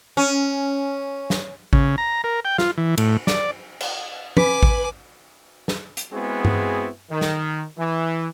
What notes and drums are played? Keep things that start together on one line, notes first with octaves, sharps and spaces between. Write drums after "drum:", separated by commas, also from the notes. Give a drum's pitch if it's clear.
C#4
drum: snare
C#3, drum: kick A1
A#5
A#4
G5
F4, drum: snare
E3
A2, drum: cymbal
D5, drum: snare
drum: cymbal
B4 G#5 D6, drum: tom
drum: kick A1
drum: snare
drum: hi-hat
G#3 B3 C4 E4 F#4 G#4
drum: tom G2
D#3
drum: snare
E3